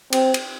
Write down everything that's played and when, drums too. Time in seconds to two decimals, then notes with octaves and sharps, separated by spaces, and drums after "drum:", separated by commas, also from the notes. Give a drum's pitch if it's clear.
0.13 C4, drum: cymbal
0.34 drum: cymbal